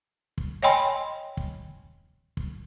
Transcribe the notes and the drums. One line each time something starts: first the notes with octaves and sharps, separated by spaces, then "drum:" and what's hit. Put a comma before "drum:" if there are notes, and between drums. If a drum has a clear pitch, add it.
drum: kick
C#5 D#5 G5 G#5 B5 C6
drum: kick
drum: kick